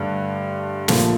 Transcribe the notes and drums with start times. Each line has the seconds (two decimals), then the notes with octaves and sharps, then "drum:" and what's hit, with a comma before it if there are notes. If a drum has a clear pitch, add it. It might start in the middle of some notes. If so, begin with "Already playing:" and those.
Already playing: G2 D3 A3
0.88 A#1 A#2 F3 A3, drum: snare